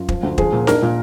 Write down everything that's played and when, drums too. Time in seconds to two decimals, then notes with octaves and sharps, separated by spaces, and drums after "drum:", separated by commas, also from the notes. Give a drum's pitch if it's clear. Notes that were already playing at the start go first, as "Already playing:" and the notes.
Already playing: F#2 F4
0.09 F3, drum: kick
0.23 D2
0.38 F3 G#4, drum: kick
0.53 A#2
0.67 D4 A#4, drum: snare D#4
0.82 A#2